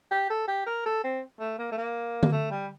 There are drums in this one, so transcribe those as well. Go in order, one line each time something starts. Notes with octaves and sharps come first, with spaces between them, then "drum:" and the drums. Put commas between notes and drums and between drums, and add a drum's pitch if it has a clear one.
G4
A4
G4
A#4
A4
C4
A3
A#3
A3
A#3
drum: tom D3
A3
G3